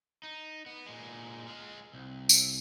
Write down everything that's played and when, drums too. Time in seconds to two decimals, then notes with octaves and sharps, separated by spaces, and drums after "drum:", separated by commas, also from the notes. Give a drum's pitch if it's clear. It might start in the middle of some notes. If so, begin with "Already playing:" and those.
0.23 D#4
0.66 B3
0.86 A#2 G#3
1.47 G#3 F4
1.94 C2
2.29 drum: tambourine